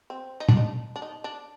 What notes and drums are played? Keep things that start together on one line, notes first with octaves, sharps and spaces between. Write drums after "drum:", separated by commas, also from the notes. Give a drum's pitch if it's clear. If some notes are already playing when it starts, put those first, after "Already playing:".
C4
D#4
D4, drum: tom
D#4
D4
D#4
D4